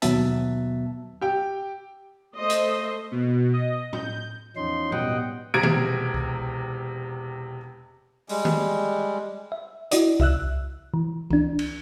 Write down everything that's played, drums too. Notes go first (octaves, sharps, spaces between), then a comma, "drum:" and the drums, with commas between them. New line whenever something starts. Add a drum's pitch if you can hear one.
D#2 B2 F#3 B3 E5 A5, drum: hi-hat
G4 G5
A3 C5 D#5
drum: hi-hat
B2
D#5
G6, drum: tom A2
E2 F3 C#4 D#4 C6
B2 G3 B3 D#5 F#5 G5, drum: tom A2
E1 C3 A#5 G#6 D7
drum: tom D#3
drum: kick C2
G3 G#3, drum: open hi-hat
drum: tom D#3
E5
E4 F#4 D5 D#5, drum: hi-hat
C2 E5 E6 F#6, drum: kick C2
E3
E3 D4, drum: kick C2
drum: cymbal